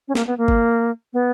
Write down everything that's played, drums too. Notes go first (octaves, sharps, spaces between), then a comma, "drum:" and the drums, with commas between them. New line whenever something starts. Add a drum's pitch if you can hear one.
C#4
A#3, drum: snare
B3
A#3
drum: kick G1
B3